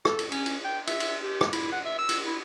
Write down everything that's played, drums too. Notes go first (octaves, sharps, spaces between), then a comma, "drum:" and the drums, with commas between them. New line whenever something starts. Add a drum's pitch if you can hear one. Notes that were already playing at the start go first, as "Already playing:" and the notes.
A4, drum: rim click
drum: cymbal
C#4, drum: cymbal
drum: cymbal
G5
E5, drum: cymbal
drum: cymbal
G4
drum: rim click
E4, drum: cymbal
F#5
E5
E6
drum: cymbal
E4